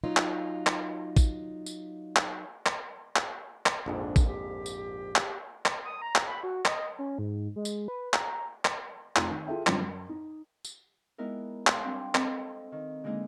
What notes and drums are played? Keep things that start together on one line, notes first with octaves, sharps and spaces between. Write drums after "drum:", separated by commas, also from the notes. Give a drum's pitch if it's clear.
F#3 D#4 F4
drum: clap
drum: clap
drum: kick A1, tambourine
drum: tambourine
drum: clap
drum: clap
drum: clap
drum: clap
A#1 F2 G#2 D4
drum: kick A1, tambourine
G4
drum: tambourine
drum: clap
drum: clap
D#6
A#5
drum: clap
B5
F#4
D#5, drum: clap
C#4
G#2
G#3
drum: tambourine
B4
A#5, drum: clap
drum: clap
F1 D#4 F4 A#5 C6 D#7, drum: clap
D#3
F4 G#4 A4 E5 G5
F#2 D3 G3 C4 C#4 F4, drum: clap
F#2
D#4
drum: tambourine
G#3 B3 D#4 E4 A#4
F5 C6 D#6, drum: clap
G3 C4 D4
C4 A4 D#5, drum: clap
D#3
D3 G#3 A#3 D#4 G#4